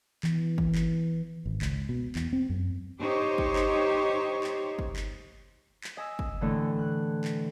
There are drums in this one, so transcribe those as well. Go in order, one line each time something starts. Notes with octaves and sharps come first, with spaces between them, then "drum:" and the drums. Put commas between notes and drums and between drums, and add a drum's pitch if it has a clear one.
E3, drum: clap
E3, drum: kick
drum: clap
G#1
C#2, drum: clap
B2
E2, drum: clap
C4
F#2
D#4 G4 C5 C#5
drum: kick
drum: clap
drum: clap
drum: kick
drum: clap
drum: clap
D#5 G#5 E6
drum: kick
A2 D3 E3
F#6
drum: clap